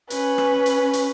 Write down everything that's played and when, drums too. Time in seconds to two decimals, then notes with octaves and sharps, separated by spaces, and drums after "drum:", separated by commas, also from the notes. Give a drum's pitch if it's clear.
0.10 C#4 B4, drum: hi-hat
0.38 drum: rim click
0.66 drum: hi-hat
0.93 drum: hi-hat